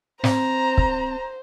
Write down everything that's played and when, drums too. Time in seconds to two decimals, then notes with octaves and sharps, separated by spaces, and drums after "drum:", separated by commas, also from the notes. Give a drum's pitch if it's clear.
0.24 C4 C5 A#5, drum: snare
0.78 drum: kick